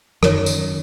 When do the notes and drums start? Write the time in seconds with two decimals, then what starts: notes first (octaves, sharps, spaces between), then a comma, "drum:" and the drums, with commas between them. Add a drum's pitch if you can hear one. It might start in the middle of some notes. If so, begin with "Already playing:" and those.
0.23 F#2 D#3 A#4 C#5, drum: rim click
0.46 drum: tambourine